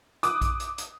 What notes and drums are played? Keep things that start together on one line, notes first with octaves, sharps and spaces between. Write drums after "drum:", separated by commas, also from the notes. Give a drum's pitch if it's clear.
D6 D#6 F#6, drum: hi-hat
drum: kick A#1, hi-hat
drum: hi-hat
drum: hi-hat